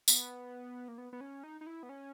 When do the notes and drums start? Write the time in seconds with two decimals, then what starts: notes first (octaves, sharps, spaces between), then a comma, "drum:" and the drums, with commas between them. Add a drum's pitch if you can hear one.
0.08 B3, drum: tambourine
0.88 A#3
0.98 B3
1.13 B3
1.21 C#4
1.43 D#4
1.61 D#4
1.66 E4
1.83 B3
1.89 C#4